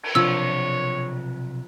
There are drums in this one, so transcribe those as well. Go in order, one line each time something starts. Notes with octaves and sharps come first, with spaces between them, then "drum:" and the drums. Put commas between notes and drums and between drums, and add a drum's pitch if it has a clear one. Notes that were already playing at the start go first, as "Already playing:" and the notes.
drum: cymbal
B1 C3 F3 C4 D4 C#5 E6